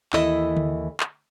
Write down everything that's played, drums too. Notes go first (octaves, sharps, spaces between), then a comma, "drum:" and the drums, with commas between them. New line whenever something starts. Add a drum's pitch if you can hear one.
D#2 E3 E4 A4 D#5, drum: clap
drum: tom D3
drum: clap